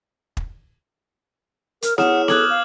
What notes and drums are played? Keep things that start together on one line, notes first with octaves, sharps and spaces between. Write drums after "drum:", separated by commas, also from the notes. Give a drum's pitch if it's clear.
drum: kick
A#4, drum: hi-hat
E4 G#4 C#5 F#5 D#6 F6 E7, drum: snare B3
A4 D6 D#6 F6 F#6 G#6 F#7, drum: snare B3
F5